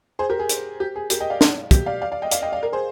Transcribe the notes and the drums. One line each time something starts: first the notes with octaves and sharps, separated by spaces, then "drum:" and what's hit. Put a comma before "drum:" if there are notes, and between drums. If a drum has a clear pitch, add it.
G#4 C5
G4 A#4
G#4
drum: hi-hat
G4
G#4
G4 A#4, drum: hi-hat
D#5 G5
D5 F5
drum: snare
G4, drum: kick, hi-hat
D5 F5
D5 F5
D5 F5
D#5 G5
D5 F5, drum: hi-hat
D#5 G5
D5 F5
A#4 D5
G#4 C5